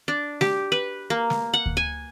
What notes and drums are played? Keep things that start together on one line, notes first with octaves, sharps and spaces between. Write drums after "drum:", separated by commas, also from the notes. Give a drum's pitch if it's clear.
D4
G4, drum: snare
B4
A#3
drum: snare
F#5
drum: kick D2
G#5